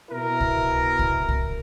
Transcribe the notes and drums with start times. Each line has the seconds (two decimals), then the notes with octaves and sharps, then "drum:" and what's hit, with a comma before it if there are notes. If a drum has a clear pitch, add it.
0.11 B2 E4 A#4
0.40 drum: kick C2
0.99 drum: kick C2
1.28 drum: kick C2